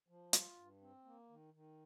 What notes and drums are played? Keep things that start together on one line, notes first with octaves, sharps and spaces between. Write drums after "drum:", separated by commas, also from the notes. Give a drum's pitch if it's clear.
F3
F4, drum: hi-hat
G2
C4
A#3
D#3
D#3